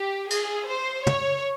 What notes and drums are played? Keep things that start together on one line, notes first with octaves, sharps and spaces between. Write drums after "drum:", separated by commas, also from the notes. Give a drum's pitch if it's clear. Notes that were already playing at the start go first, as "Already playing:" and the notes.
Already playing: G4
G#4, drum: cymbal
C5
C#5, drum: tom